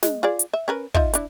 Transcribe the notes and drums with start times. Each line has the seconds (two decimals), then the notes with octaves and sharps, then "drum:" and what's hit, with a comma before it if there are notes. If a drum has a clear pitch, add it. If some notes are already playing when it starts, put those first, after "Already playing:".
0.03 G#3, drum: snare
0.23 F4 G#4 D5
0.39 drum: hi-hat
0.53 E5
0.68 C#4 A#4 B4
0.94 D#4 F4 E5, drum: kick
1.13 D4 E4, drum: hi-hat